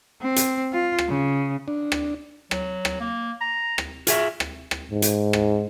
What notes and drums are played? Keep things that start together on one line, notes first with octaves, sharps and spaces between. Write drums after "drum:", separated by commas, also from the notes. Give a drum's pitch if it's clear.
C4
drum: hi-hat
F4
drum: rim click
C#3
D4
drum: rim click
F#3, drum: rim click
drum: rim click
A#3
A#5
drum: rim click
F4 F#4 G#4 E5, drum: hi-hat
drum: rim click
drum: rim click
G#2
drum: hi-hat
drum: rim click